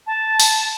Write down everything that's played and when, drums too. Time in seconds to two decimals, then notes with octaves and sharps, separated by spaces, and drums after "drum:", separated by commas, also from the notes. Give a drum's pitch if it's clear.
0.07 A5
0.40 drum: open hi-hat